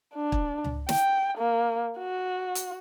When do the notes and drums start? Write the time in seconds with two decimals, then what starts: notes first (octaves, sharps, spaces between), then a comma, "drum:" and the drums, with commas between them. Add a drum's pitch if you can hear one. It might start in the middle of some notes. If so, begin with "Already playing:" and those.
0.14 D4
0.32 drum: kick
0.64 drum: tom C#2
0.89 G5, drum: snare
1.38 A#3
1.99 F#4
2.55 drum: hi-hat